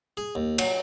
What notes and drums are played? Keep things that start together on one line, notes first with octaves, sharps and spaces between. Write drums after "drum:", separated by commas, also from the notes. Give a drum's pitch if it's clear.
G#4
D#2
F#3, drum: cymbal